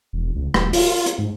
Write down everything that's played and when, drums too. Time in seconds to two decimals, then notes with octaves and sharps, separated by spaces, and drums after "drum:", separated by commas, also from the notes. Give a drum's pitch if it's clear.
0.13 E1
0.35 C#2
0.54 D#1, drum: rim click
0.73 F4, drum: open hi-hat
1.06 drum: hi-hat
1.18 G#2